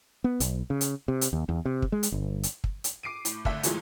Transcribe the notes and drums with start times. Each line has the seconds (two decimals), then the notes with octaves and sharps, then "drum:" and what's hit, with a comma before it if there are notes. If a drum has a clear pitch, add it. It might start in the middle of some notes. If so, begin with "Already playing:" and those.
0.24 B3
0.40 B1, drum: hi-hat
0.70 C#3
0.81 drum: hi-hat
1.08 C3
1.21 drum: hi-hat
1.33 D#2
1.49 E2
1.65 C3
1.82 drum: kick
1.92 G#3
2.03 drum: hi-hat
2.12 G1
2.43 drum: hi-hat
2.64 drum: kick
2.84 drum: hi-hat
3.03 D6 C7 D7 D#7
3.25 A2, drum: hi-hat
3.45 G#1 D3 A3 E5, drum: kick
3.63 F2 A#2 E3 F#3 G#3 A3, drum: hi-hat